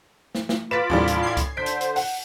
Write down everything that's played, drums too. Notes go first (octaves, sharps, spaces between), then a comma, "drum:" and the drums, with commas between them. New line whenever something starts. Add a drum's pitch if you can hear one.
drum: snare
drum: snare
F4 B4 B5 D6 A6 B6 E7
D#2 A2 C3 E3 G3 D4
drum: hi-hat
G#6 C7
drum: kick C2, hi-hat
D3 C5 G6 B6 D7
drum: hi-hat
drum: hi-hat
F#5, drum: open hi-hat